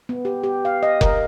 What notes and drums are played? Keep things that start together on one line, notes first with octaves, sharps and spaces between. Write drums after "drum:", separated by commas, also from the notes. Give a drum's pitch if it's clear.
B3
G4
G4
F5
D#5
A#4, drum: kick F1